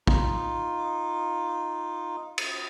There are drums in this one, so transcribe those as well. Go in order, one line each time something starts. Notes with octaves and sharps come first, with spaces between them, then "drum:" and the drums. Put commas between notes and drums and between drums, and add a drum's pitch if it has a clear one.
D#4 F4, drum: kick
drum: cymbal